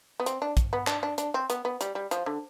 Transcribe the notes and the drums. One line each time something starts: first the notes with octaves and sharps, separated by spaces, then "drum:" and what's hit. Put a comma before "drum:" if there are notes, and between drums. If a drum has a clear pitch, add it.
B3
C4, drum: hi-hat
D4
drum: kick, hi-hat
B3
D4, drum: clap
D4
D4, drum: hi-hat
C4
B3, drum: hi-hat
B3
G3, drum: hi-hat
G3
F3, drum: hi-hat
D3